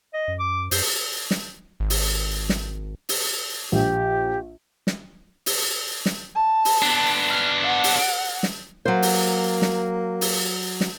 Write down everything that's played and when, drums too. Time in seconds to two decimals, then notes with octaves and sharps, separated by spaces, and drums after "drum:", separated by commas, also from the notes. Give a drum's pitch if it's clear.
0.14 D#5
0.28 F#2
0.39 D6
0.71 F#2 C5, drum: open hi-hat
1.31 drum: snare
1.80 G#1
1.90 drum: open hi-hat
2.49 drum: snare
3.09 drum: open hi-hat
3.72 A#1 G4
4.87 drum: snare
5.46 drum: open hi-hat
6.06 drum: snare
6.35 A5
6.65 drum: open hi-hat
6.82 B3 D4
7.30 F6
7.64 F#5
7.84 drum: open hi-hat
8.43 drum: snare
8.85 F#3 A#3 C5
9.02 drum: open hi-hat
9.62 drum: snare
10.21 drum: open hi-hat
10.81 drum: snare